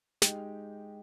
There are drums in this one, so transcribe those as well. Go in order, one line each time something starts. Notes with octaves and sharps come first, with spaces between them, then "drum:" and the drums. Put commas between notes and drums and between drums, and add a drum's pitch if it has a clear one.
G#3 D#4 G4, drum: snare